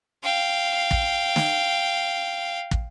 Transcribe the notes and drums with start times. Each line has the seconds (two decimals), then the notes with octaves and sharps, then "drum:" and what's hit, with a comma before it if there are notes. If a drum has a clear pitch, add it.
0.23 F5 G5
0.91 drum: kick
1.36 drum: snare
2.71 drum: kick